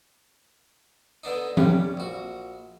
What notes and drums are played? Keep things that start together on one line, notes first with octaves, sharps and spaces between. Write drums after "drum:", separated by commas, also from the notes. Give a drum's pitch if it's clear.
D3 B3 D4 D#4
G3 C#4, drum: tom F3
A#1 F#4